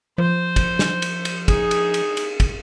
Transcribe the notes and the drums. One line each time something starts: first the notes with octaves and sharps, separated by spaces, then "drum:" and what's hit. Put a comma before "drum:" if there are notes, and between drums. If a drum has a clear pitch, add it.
F3 C5
drum: kick, cymbal
drum: snare
drum: cymbal
drum: cymbal
D#4 G#4, drum: kick, cymbal
drum: cymbal
drum: cymbal
drum: cymbal
drum: kick, cymbal